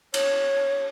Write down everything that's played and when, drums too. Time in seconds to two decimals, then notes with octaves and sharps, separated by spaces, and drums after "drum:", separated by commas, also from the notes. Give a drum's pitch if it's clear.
0.14 C#5, drum: cymbal